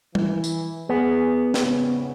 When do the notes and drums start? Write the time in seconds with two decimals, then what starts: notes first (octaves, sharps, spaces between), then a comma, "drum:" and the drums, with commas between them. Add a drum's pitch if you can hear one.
0.15 E3, drum: tom
0.44 drum: tambourine
0.89 B3 G#4
1.54 E2 G#2 C#3, drum: snare